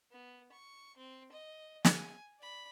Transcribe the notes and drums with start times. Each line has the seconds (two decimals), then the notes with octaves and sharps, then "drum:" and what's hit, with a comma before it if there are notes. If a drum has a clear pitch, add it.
0.12 B3
0.52 C#6
0.97 C4
1.32 D#5
1.84 G#5, drum: snare
2.40 D5 B5